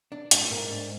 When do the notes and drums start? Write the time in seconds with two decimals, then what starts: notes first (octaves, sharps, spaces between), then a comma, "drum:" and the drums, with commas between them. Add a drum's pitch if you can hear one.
0.12 D4
0.31 G#2 D4, drum: hi-hat
0.41 A2
0.51 G#2 A#3
0.71 D4